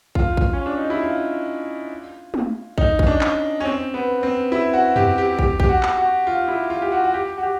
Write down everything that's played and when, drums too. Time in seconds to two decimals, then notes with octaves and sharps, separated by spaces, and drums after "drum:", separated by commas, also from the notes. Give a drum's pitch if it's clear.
0.15 F4, drum: kick
0.37 drum: kick
0.53 C#4
0.66 D4
0.78 D#4
0.90 E4
1.02 F4
2.34 drum: tom
2.78 D#4, drum: kick
2.99 C#4, drum: kick
3.07 D4
3.21 drum: clap
3.60 C#4
3.65 C4
3.94 B3
4.23 C4
4.52 E4
4.74 F#4
4.96 G4, drum: tom
5.18 G4
5.39 G4, drum: kick
5.60 G4, drum: kick
5.69 F#4
5.83 drum: clap
5.98 F#4
6.27 F4
6.48 E4
6.70 F4
6.82 G4
6.92 F#4
7.04 F#4
7.14 G4
7.38 F#4
7.43 G4